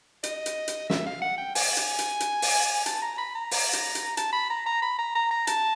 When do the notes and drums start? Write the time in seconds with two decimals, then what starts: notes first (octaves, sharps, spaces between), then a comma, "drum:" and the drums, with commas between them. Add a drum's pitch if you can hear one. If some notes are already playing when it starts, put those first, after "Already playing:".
0.23 D#5, drum: hi-hat
0.46 drum: hi-hat
0.68 drum: hi-hat
0.90 E5, drum: snare
1.06 F5
1.22 F#5
1.38 G5
1.55 G#5, drum: open hi-hat
1.77 drum: hi-hat
1.99 drum: hi-hat
2.20 drum: hi-hat
2.42 drum: open hi-hat
2.86 A5, drum: hi-hat
3.02 A#5
3.18 B5
3.35 A#5
3.51 drum: open hi-hat
3.73 drum: hi-hat
3.95 drum: hi-hat
4.17 A5, drum: hi-hat
4.33 B5
4.50 A#5
4.66 A#5
4.82 B5
4.99 A#5
5.15 A#5
5.31 A#5
5.47 A5, drum: hi-hat